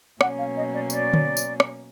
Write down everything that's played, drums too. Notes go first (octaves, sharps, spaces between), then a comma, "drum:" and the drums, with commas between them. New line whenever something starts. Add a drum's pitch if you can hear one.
B2 F#3 A#3 C#4 F#5, drum: rim click
F5
D#5
D5
D5, drum: tambourine
drum: tom D3
drum: tambourine
drum: rim click